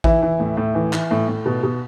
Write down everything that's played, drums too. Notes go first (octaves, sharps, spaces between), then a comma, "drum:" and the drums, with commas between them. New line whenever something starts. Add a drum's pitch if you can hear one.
E3 E4, drum: kick A1
E3
A2
A2
E3
E3, drum: clap
A2
A2
B2
B2